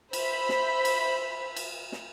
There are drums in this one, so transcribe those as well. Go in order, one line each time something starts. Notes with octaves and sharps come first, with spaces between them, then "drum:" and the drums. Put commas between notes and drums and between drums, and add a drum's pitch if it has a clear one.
C5 E5 B5, drum: cymbal
drum: snare
drum: cymbal
drum: cymbal
drum: snare